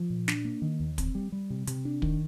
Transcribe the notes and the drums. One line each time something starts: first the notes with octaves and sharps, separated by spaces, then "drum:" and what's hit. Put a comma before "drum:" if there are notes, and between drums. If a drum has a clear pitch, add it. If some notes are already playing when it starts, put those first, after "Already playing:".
Already playing: F3
A#2
D4, drum: snare
A#3
D#3
D#2
C4, drum: kick, hi-hat
G3
G3
C3
C3, drum: hi-hat
D4
D#3, drum: kick